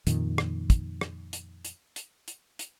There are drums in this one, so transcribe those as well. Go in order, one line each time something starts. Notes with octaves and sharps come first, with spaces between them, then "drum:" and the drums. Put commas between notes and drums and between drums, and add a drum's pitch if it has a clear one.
F2 A#2 D#3, drum: hi-hat
drum: rim click
drum: kick, hi-hat
drum: rim click
drum: hi-hat
drum: hi-hat
drum: hi-hat
drum: hi-hat
drum: hi-hat